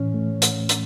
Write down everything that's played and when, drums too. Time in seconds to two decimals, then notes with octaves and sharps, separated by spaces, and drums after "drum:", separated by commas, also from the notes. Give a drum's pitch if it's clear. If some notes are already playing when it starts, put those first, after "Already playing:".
Already playing: A2 E3 C#4
0.14 A3
0.42 drum: hi-hat
0.69 drum: hi-hat